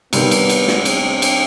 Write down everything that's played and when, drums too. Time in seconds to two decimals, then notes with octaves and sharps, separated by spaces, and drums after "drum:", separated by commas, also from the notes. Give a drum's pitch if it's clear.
0.13 C3 D#3 G3 B3, drum: cymbal
0.31 drum: cymbal
0.49 drum: cymbal
0.68 drum: snare
0.85 C4, drum: cymbal
1.22 drum: cymbal